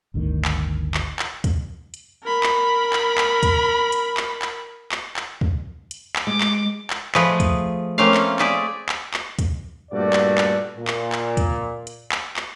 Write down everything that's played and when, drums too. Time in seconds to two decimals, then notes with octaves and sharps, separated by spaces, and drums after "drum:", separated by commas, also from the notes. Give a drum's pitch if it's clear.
0.14 G1 D2 A2 D#3
0.45 drum: clap
0.94 drum: clap
1.19 drum: clap
1.44 drum: kick, hi-hat
1.94 drum: hi-hat
2.24 A#4 B5
2.43 drum: clap
2.93 drum: clap
3.18 drum: clap
3.43 drum: kick, hi-hat
3.92 drum: hi-hat
4.17 drum: clap
4.42 drum: clap
4.92 drum: clap
5.16 drum: clap
5.41 drum: kick
5.91 drum: hi-hat
6.16 drum: clap
6.27 G#3 D6
6.41 drum: clap
6.90 drum: clap
7.15 F3 A3 G#4 B4 D#5, drum: clap
7.40 drum: kick, hi-hat
7.98 A3 A#3 C4 C#4 F5
8.14 drum: clap
8.39 A3 G#4 D5 E5, drum: clap
8.89 drum: clap
9.14 drum: clap
9.39 drum: kick, hi-hat
9.91 G2 A#2 A3 F#4 D5
10.13 drum: clap
10.38 drum: clap
10.77 A#2
10.88 drum: clap
11.12 drum: clap
11.37 drum: kick, hi-hat
11.87 drum: hi-hat
12.12 drum: clap
12.37 drum: clap